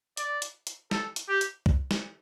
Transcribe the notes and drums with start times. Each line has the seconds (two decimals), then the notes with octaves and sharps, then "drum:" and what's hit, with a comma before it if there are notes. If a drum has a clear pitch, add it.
0.17 D5, drum: hi-hat
0.42 drum: hi-hat
0.67 drum: hi-hat
0.91 A4, drum: snare
1.16 drum: hi-hat
1.28 G4
1.41 drum: hi-hat
1.66 drum: kick
1.91 drum: snare